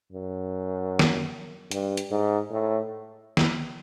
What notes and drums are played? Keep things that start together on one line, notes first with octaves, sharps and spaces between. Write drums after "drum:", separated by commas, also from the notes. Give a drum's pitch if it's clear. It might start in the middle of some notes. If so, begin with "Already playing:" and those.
F#2
drum: snare
G2, drum: hi-hat
drum: hi-hat
G#2
A2
drum: snare